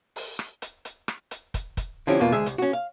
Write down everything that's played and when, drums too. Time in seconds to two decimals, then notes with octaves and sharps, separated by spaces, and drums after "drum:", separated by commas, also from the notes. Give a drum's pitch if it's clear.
0.16 drum: open hi-hat
0.39 drum: rim click
0.62 drum: hi-hat
0.85 drum: hi-hat
1.08 drum: rim click
1.31 drum: hi-hat
1.54 drum: kick, hi-hat
1.77 drum: kick, hi-hat
2.07 D3 F3 C4 C#4 E4 G4
2.20 E2 B2 A#3 F4
2.32 D2 G#3 G#4 E5
2.46 C2, drum: hi-hat
2.58 C#4 F#4
2.73 F5